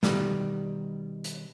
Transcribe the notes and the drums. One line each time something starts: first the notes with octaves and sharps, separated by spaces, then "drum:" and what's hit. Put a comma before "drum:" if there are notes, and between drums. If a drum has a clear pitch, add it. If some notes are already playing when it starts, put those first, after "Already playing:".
B2 D#3 G3, drum: snare
drum: hi-hat